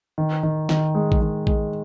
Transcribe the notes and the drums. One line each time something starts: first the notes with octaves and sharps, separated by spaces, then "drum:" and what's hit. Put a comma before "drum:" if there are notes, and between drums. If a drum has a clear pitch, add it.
D#3
D#3
D#3, drum: snare
G#3
drum: kick
D#3
G#3, drum: kick